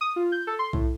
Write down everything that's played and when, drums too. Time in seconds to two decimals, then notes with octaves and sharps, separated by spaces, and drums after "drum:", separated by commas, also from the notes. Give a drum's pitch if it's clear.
0.01 D#6
0.16 F4
0.32 G6
0.47 A4
0.59 C6
0.73 A2, drum: kick B1